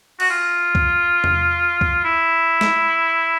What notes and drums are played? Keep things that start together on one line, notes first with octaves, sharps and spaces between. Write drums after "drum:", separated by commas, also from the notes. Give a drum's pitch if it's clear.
F#4, drum: cymbal
F4
drum: kick C#2
drum: tom E2
drum: kick C#2
E4
drum: snare